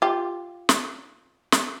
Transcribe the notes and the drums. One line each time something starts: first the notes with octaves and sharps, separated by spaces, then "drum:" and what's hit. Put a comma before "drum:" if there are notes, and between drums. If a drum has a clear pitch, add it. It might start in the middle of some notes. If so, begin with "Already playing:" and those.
F4 G4
drum: snare
drum: snare